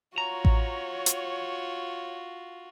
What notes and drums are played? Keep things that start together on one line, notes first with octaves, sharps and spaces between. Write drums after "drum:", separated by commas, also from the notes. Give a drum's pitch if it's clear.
F4 F#4 C#5 A#5
drum: kick A1
drum: hi-hat